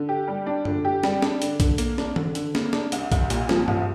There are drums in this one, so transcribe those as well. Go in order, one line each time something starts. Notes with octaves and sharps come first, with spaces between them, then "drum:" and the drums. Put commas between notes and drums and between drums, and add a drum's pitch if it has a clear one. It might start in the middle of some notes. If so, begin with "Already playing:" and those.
Already playing: D3
G4
G3
D4
D3, drum: tom F#2
G4
G3, drum: snare
D4, drum: snare
D3, drum: hi-hat
D3, drum: kick A#1, hi-hat
A#3, drum: hi-hat
D4, drum: snare
D3, drum: tom D#3
D3, drum: hi-hat
A#3, drum: snare
D4, drum: snare
C2, drum: hi-hat
C2, drum: kick A#1, hi-hat
A#2, drum: hi-hat
F3, drum: snare
C2, drum: tom G2